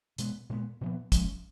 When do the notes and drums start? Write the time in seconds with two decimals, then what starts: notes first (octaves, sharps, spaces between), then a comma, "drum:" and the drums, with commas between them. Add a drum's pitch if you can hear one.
0.18 B2 G#3 B3, drum: hi-hat
0.50 A#2 G#3 B3
0.81 A#2 F3 B3
1.12 F3 G#3 C#4, drum: kick, hi-hat